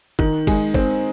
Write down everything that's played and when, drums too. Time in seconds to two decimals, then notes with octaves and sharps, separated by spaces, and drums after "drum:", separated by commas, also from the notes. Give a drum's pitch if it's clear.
0.19 D#3, drum: kick
0.47 G#3, drum: kick, cymbal
0.74 C4, drum: kick